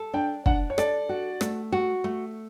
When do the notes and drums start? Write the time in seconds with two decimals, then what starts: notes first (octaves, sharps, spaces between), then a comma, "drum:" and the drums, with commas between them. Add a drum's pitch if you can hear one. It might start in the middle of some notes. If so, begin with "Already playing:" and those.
Already playing: A4
0.14 D4 G5
0.46 D4 F#5, drum: kick
0.70 C#5
0.78 A4 D5, drum: rim click
1.09 F#4
1.41 A3, drum: rim click
1.72 F#4
2.04 A3